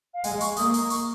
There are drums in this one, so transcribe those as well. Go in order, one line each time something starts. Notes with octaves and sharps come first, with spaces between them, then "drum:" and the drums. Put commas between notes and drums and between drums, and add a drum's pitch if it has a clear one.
F5
G#3 G#5, drum: open hi-hat
C#6, drum: open hi-hat
A#3 D#6, drum: open hi-hat
drum: open hi-hat
C#6, drum: open hi-hat